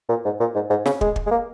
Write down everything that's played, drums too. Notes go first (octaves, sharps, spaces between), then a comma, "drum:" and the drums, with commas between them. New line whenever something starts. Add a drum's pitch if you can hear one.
A#2
G#2
A#2
G#2
G#2
C#3, drum: snare
G#3, drum: kick
drum: kick
G#3
A#3